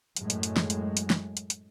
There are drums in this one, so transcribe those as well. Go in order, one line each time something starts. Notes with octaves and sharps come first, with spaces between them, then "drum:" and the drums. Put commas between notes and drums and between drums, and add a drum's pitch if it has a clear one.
F#2 A2 G#3, drum: hi-hat
drum: hi-hat
drum: hi-hat
drum: snare
drum: hi-hat
drum: hi-hat
drum: snare
drum: hi-hat
drum: hi-hat